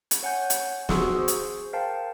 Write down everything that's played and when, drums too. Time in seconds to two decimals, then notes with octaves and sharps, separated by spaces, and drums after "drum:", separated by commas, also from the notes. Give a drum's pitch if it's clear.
0.11 drum: hi-hat
0.23 C#5 F#5 G#5 G6
0.50 drum: hi-hat
0.89 F#4 G#4 C6 C#6 E6, drum: snare
1.15 G#4 C5
1.28 drum: hi-hat
1.73 A#4 C5 F5 G5 A5